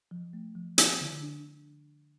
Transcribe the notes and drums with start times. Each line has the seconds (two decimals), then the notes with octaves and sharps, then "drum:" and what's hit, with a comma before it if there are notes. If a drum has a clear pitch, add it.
0.11 F3
0.33 A3
0.55 F3
0.78 F3, drum: hi-hat
1.01 D3
1.22 D4